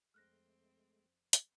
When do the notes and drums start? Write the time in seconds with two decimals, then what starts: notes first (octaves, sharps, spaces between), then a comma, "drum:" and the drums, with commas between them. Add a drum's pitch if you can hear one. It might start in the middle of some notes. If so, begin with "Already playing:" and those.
0.14 F2 G#3 A3 C4 F6 F#6 A#6
1.33 drum: hi-hat